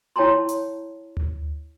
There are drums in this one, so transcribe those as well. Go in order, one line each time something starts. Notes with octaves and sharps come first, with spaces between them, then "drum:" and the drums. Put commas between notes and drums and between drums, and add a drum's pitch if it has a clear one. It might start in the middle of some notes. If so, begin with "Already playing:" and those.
E4 C#5 G5 A5 A#5 C6
drum: hi-hat
drum: tom D2